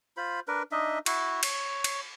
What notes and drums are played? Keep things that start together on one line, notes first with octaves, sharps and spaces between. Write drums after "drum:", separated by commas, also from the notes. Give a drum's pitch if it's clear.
F4 C5 B5
D4 A#4 B4
D4 D#4 D#5 E5
E4 F#4, drum: cymbal
C#5, drum: cymbal
drum: cymbal